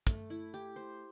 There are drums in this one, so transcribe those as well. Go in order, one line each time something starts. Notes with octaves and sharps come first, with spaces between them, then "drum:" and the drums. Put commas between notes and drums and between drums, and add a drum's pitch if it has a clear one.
A3, drum: kick, hi-hat
E4
G4
C5